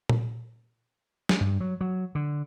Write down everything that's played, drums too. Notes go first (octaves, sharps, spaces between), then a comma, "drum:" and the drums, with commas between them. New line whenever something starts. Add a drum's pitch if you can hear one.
drum: tom A#2
drum: snare
G2
F#3
F#3
D3